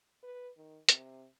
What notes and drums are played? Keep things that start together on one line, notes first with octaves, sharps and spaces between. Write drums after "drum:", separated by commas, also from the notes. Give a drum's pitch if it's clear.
B4
D#3
C3, drum: hi-hat